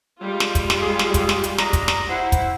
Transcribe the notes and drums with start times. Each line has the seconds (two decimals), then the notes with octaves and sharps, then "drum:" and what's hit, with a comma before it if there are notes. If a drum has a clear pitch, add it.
0.22 G3 G#3 F4
0.40 drum: snare
0.55 drum: kick, hi-hat
0.70 drum: snare
0.81 G#4
0.99 drum: snare
1.14 drum: kick, hi-hat
1.29 drum: snare
1.44 drum: hi-hat
1.58 D4 D#5 A#5, drum: snare
1.73 drum: kick, hi-hat
1.88 drum: snare
2.09 E4 C5 F#5
2.32 drum: kick, hi-hat